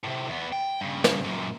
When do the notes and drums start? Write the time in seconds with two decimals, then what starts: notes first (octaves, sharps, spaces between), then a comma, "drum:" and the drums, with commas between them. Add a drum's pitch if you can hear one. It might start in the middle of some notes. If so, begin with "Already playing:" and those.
0.04 A2 C3
0.29 E2 B3
0.52 G5
0.81 G2 C#3
1.04 drum: snare
1.24 F#2 A#2